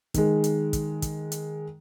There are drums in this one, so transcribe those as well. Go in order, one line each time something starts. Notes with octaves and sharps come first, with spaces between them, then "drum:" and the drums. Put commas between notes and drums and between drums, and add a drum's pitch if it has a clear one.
D#3 G#3, drum: kick, hi-hat
drum: hi-hat
drum: kick, hi-hat
drum: kick, hi-hat
drum: hi-hat